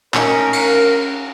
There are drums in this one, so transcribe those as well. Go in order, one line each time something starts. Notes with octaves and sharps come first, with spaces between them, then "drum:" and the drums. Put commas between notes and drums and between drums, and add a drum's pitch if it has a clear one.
C#4 D#4 A#4, drum: clap
drum: cymbal